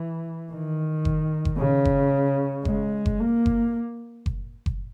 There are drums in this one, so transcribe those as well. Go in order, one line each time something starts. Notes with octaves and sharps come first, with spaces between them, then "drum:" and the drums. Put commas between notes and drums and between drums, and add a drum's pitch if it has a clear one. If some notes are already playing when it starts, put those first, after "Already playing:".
Already playing: E3
D#3
drum: kick F#1
drum: kick F#1
C#3
drum: kick F#1
G#3, drum: kick F#1
drum: kick F#1
A#3
drum: kick F#1
drum: kick F#1
drum: kick F#1